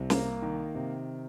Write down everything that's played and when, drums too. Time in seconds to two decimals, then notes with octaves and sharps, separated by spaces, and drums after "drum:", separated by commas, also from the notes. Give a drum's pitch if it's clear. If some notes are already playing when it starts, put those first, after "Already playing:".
Already playing: C2 C3
0.10 A#3, drum: snare
0.42 D#3
0.75 C3